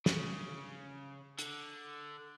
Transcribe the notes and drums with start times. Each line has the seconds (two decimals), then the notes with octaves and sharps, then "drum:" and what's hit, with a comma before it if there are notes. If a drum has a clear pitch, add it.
0.06 C#3, drum: snare
1.39 D3, drum: hi-hat